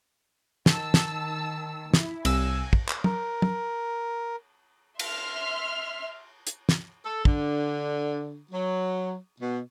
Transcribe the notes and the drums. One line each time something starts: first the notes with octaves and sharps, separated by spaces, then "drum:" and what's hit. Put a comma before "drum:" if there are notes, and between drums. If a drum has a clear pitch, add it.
D#3 A5 E6, drum: snare
drum: snare
E4, drum: snare
C2 G#5 E6, drum: cymbal
drum: kick
drum: clap
A#4, drum: tom
drum: tom
E5 C6 F6, drum: cymbal
drum: hi-hat
drum: snare
A4
D3, drum: kick
F#3
B2